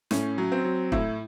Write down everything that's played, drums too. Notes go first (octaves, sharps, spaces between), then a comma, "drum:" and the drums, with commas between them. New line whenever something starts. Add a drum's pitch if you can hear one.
A2 C#4, drum: snare
F#3
C4
F#3
A2 E4, drum: kick E1